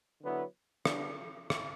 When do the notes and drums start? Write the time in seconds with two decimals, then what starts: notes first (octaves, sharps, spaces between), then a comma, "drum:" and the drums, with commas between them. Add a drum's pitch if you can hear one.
0.21 D3 F#3 B3 E4
0.85 D3 G3 B3 D4, drum: rim click
1.50 drum: rim click